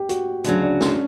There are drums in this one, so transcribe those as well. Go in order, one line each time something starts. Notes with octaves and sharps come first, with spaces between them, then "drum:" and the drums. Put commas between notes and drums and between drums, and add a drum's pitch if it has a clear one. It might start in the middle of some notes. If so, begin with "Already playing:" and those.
Already playing: G4
F#4, drum: hi-hat
D2 C#3 F#3 D4, drum: hi-hat
D4
C#4, drum: snare